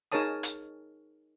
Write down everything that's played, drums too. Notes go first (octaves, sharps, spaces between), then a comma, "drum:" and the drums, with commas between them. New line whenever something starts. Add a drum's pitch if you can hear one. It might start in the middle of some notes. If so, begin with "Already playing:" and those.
D#4 G#4 A#4 C#5 A5 D#6
drum: hi-hat